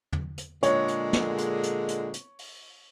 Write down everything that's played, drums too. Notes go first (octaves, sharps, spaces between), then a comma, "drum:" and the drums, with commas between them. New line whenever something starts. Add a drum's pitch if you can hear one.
drum: tom
drum: hi-hat
A#2 D3 G#3 C#5, drum: hi-hat
drum: hi-hat
drum: snare
drum: hi-hat
drum: hi-hat
drum: hi-hat
drum: hi-hat
drum: open hi-hat